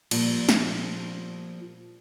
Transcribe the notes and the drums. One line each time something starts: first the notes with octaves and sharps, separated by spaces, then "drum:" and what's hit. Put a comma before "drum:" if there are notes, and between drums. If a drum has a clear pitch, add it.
A#2 F3 G3, drum: cymbal
drum: snare